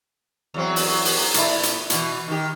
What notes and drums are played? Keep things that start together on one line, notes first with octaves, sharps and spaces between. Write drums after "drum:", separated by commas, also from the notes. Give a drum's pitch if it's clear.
E2 F#3 C4
drum: open hi-hat
drum: open hi-hat
A#2 A3 E4, drum: hi-hat
drum: hi-hat
B2 E3, drum: hi-hat
D#3 G4